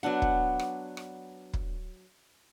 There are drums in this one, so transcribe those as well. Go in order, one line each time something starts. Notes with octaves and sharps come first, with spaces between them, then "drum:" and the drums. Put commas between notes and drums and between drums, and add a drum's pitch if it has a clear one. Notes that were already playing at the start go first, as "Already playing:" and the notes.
F#3 B3 D4 F#5
drum: kick
drum: rim click
drum: rim click
drum: kick